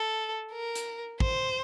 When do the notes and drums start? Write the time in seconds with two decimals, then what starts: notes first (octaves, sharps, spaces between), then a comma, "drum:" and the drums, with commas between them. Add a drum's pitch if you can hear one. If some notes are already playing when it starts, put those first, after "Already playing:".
Already playing: A4
0.53 A#4
0.75 drum: hi-hat
1.20 C5, drum: kick